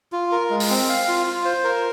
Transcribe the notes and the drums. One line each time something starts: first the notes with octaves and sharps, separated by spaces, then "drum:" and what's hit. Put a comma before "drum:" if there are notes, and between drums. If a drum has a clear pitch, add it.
F4
A#4
G#3
drum: open hi-hat
C4
F5
F4
F4
C5
A#4